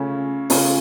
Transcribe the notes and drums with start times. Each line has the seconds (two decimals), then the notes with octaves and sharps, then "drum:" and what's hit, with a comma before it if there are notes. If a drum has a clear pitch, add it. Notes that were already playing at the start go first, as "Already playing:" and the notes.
Already playing: C#3 A3 C#4 F4
0.50 C#3 A3 C#4 F4, drum: open hi-hat